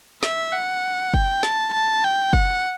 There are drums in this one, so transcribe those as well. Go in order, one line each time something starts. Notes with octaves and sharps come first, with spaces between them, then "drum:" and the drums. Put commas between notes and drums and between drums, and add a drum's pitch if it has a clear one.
E5, drum: snare
F#5
G5, drum: kick
A5, drum: snare
A5
G5
F#5, drum: kick